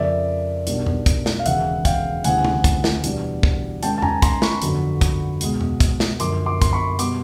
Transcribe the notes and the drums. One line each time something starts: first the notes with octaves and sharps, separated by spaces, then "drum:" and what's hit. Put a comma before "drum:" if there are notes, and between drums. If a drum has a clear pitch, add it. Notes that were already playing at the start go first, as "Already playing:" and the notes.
Already playing: F2 C#3 F3 A#3 D5 E5
B1 B2 G3 A#3 D4, drum: hi-hat
drum: tom E2
drum: kick, hi-hat
drum: snare
F5
E1 D#2 C#3 E5 F#5, drum: hi-hat
F5 G5, drum: kick, hi-hat
D2 C#3 E3 G3 C4 F#5 G#5, drum: hi-hat
drum: tom C3
drum: kick, hi-hat
drum: snare
E2 B2 G3 B3 D4, drum: hi-hat
drum: kick
G#2 D#3 G#3 C#4 G5 A5, drum: hi-hat
A5
G#5 A#5, drum: tom E2
A#5 C6, drum: kick, hi-hat
B5 C#6, drum: snare
G1 F2 D3 F#3, drum: hi-hat
drum: kick, hi-hat
C#2 B2 G#3, drum: hi-hat
drum: tom E2
drum: kick, hi-hat
drum: snare
F#2 D3 F3 A#3 C6 D6, drum: hi-hat
C6 D6
C6, drum: kick, hi-hat
B5 C#6
B2 G3 B3 C6 D6, drum: hi-hat